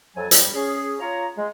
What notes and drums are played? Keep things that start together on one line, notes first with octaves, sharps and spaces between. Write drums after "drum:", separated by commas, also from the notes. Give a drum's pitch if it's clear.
F2 F#3 A4 G#5
G3, drum: hi-hat
C#4 G#4
F4 C#5 A#5
G#3